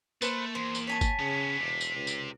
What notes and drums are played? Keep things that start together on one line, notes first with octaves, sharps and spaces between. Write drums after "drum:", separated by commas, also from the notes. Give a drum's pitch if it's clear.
A3 A#3 B4 C5, drum: tambourine
E2 C5
drum: tambourine
C#5 G#5 A5 B6
drum: kick G1, tambourine
C#3 B3 C#4
E1 C3
drum: tambourine
C#2
drum: tambourine